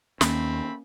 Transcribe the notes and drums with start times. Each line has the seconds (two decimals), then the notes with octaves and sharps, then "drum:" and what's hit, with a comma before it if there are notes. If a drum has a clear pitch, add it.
0.21 D#2 A3 A#3 C4 C#4 B5, drum: snare